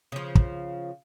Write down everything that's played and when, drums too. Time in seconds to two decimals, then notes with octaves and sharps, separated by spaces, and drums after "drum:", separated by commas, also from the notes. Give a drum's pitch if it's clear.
0.12 C#3 F3
0.35 drum: kick